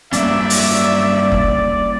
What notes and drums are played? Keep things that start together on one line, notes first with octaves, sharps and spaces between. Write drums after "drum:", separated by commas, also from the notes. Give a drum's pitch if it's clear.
G2 F#3 G3 A#3 C#4 D5 E5, drum: hi-hat
drum: open hi-hat
drum: kick F#1